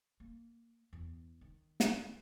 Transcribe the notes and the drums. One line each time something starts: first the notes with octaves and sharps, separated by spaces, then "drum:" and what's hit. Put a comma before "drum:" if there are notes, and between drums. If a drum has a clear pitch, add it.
A#3
E2
D#3
drum: snare